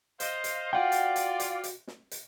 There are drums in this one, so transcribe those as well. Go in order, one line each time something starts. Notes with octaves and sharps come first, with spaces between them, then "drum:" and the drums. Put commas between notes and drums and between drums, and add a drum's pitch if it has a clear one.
C5 D#5 F5, drum: hi-hat
drum: hi-hat
F4 F#4 D5 F#5 G5
drum: hi-hat
drum: hi-hat
drum: hi-hat
drum: hi-hat
drum: snare
drum: hi-hat